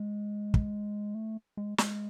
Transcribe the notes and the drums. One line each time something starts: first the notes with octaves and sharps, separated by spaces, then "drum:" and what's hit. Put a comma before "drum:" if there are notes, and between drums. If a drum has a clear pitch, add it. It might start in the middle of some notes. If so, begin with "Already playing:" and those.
Already playing: G#3
drum: kick
A3
G#3
G#3, drum: snare